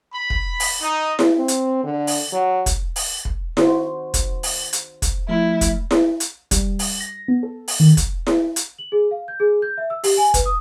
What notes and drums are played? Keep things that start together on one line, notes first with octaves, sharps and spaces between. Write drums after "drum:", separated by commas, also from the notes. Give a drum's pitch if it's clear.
B5
drum: kick
drum: open hi-hat
D#4
drum: snare E4
C4
drum: hi-hat
D3
drum: open hi-hat
F#3
drum: kick, hi-hat
drum: open hi-hat
drum: kick
D#4 F#4 C5, drum: snare E4
drum: kick, hi-hat
drum: open hi-hat
drum: hi-hat
drum: kick, hi-hat
F3 A3 E4
drum: kick, hi-hat
drum: snare E4
drum: hi-hat
G3, drum: kick, hi-hat
drum: open hi-hat
A#6
B3
A4
drum: open hi-hat
D#3
drum: kick, hi-hat
drum: snare E4
drum: hi-hat
F#7
G#4
F5
G6
G#4
G6
E5
E6
G4, drum: open hi-hat
G#5
B4, drum: kick, hi-hat
D#6